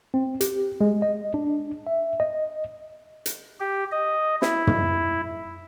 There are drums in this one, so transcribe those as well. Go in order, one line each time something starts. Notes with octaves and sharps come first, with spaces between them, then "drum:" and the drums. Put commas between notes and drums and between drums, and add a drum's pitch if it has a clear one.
C4
G4, drum: hi-hat
G#3
D#5
D4
E5
D#5
drum: hi-hat
G4
D#5
E4, drum: snare
drum: tom